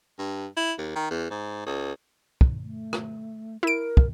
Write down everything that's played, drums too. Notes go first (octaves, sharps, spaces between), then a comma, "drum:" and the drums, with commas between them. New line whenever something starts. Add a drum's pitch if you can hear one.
G2
E4
D#2
D#3
E2
G#2
C#2
drum: kick
A3
drum: rim click
E4 A#4 D7
drum: kick